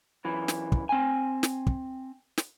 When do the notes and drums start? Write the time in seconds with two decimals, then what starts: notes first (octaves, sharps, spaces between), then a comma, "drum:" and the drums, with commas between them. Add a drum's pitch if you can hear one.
0.25 F#2 E3
0.48 drum: snare
0.72 drum: kick
0.89 C4 G#5
1.43 drum: snare
1.67 drum: kick
2.38 drum: snare